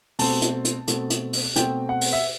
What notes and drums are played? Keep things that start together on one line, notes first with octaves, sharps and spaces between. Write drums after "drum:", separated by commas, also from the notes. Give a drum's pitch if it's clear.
B2 A3 C4 A5, drum: open hi-hat
drum: hi-hat
drum: hi-hat
B2 A3 C4, drum: hi-hat
drum: hi-hat
drum: open hi-hat
B2 A3 C4 G5, drum: hi-hat
F#5
drum: open hi-hat
E5